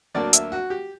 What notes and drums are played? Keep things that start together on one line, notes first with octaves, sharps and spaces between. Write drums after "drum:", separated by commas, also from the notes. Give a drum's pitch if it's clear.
D2 D3 F#3 A#3 D5
E5, drum: hi-hat
F#4
G4